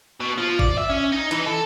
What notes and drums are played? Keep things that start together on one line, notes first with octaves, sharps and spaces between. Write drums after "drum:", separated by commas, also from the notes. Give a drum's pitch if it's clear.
B2
F3
D5, drum: kick G#1
E5
C#4
D#4
E3, drum: hi-hat
A4